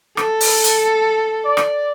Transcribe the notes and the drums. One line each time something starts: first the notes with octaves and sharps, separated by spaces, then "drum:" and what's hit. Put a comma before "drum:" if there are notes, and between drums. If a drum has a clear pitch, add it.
A4, drum: rim click
drum: open hi-hat
drum: hi-hat
D5
drum: rim click